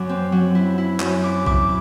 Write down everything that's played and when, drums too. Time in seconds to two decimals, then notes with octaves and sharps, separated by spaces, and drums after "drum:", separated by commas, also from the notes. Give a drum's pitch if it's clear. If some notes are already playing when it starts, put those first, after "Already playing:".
Already playing: F#2 F#3 D6
0.09 C4
0.32 F#3
0.55 E4
0.78 E4
1.00 F#2, drum: clap
1.23 E4 D6
1.46 E4 D6, drum: kick B1